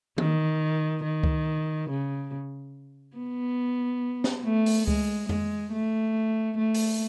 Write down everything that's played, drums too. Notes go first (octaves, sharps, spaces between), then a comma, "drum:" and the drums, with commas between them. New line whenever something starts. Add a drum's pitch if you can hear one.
D#3, drum: tom
D#3
drum: kick C#2
C#3
B3
drum: snare
A3
drum: open hi-hat
G#3, drum: kick C#2
G#3, drum: tom F2
A3
A3
drum: open hi-hat